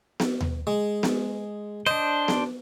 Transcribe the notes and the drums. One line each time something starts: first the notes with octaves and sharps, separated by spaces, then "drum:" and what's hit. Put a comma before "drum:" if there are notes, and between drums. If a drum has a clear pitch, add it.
drum: snare B3
drum: tom D#2
G#3
drum: snare B3
D4 C5 D#5
drum: snare B3